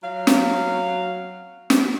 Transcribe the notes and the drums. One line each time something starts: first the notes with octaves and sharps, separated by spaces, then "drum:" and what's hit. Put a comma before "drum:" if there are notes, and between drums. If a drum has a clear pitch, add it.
F#3 F5
drum: snare
drum: snare